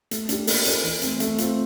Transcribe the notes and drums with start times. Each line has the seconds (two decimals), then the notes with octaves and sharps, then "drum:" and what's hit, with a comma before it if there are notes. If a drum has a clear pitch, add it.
0.11 A3, drum: hi-hat
0.29 D4 G4, drum: hi-hat
0.47 A#3, drum: open hi-hat
0.65 C#4 F4 A4 C5, drum: hi-hat
0.84 E3
1.02 A3 C4, drum: hi-hat
1.20 A3, drum: hi-hat
1.38 C4 F4, drum: hi-hat